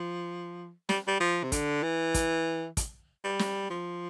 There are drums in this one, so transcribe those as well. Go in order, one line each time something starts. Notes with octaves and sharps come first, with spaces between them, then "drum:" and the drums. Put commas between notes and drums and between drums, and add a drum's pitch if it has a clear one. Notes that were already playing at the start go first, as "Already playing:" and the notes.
Already playing: F3
G3, drum: snare
G3
F3
C3
D3, drum: kick, hi-hat
E3
drum: kick, hi-hat
drum: kick, hi-hat
G3
drum: snare
F3